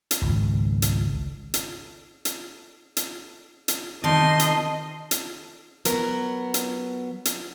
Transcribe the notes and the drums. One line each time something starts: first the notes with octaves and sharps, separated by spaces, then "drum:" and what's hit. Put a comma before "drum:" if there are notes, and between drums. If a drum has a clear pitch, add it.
drum: hi-hat
G#1 C#2
drum: hi-hat
drum: hi-hat
drum: hi-hat
drum: hi-hat
drum: hi-hat
C3 D#3 D#5 A5 C6
drum: hi-hat
drum: hi-hat
F#3 B3 A#4, drum: hi-hat
drum: hi-hat
drum: hi-hat